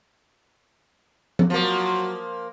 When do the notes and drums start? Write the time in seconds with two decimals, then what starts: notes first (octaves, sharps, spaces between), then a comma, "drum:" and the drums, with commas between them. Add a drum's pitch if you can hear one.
1.39 drum: tom F3
1.50 F3 F#3 A#3